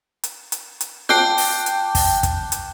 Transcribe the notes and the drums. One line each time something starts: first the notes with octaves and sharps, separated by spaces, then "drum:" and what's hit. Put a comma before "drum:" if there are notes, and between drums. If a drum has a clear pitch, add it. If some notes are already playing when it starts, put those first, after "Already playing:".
drum: hi-hat
drum: hi-hat
drum: hi-hat
G5 A5 D6 F#6 G6, drum: snare F4
drum: open hi-hat
drum: hi-hat
drum: kick, open hi-hat
drum: kick, hi-hat
drum: hi-hat